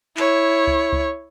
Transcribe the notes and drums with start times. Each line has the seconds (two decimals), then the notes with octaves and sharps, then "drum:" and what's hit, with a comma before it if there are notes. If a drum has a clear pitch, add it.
0.17 E4 C#5, drum: clap
0.67 drum: kick C#2
0.92 drum: kick C#2